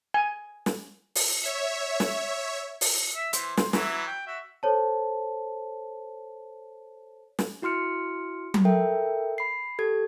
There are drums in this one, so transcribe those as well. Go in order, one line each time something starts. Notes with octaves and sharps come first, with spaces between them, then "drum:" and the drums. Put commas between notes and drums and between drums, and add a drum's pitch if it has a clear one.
G#5
drum: snare
drum: open hi-hat
C#5 E5
drum: snare
drum: open hi-hat
E5
E3 C5, drum: hi-hat
C5, drum: snare
E3 F#3 E4, drum: snare
G5
F#4 E5
A4 C5 C#5 A5
drum: snare
E4 F#4 C6 F6 C#7
drum: tom F#3
A4 A#4 E5 G5
B5 C7
G4 A4 G#6